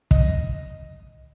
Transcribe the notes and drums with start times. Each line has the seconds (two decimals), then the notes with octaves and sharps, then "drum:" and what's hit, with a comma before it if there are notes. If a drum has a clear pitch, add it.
0.11 D#5, drum: kick